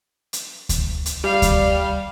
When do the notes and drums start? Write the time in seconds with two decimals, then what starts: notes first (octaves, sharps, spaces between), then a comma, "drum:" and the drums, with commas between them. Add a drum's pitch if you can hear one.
0.33 drum: hi-hat
0.69 drum: kick D2, hi-hat
1.06 drum: hi-hat
1.24 G3 F5
1.42 drum: kick D2, hi-hat